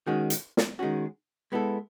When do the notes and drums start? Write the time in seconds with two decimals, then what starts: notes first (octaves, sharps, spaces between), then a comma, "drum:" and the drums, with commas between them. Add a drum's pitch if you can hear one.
0.07 D#3 G#3 C#4 F#4
0.30 drum: hi-hat
0.57 drum: snare
0.79 D#3 G#3 C#4 F#4
1.52 G#3 B3 E4 A4